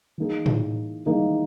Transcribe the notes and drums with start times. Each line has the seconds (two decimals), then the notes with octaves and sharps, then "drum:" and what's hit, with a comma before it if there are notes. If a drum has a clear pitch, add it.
0.18 E3 A#3 D#4 G#4
0.46 drum: tom A2
1.06 E3 A#3 D#4 G#4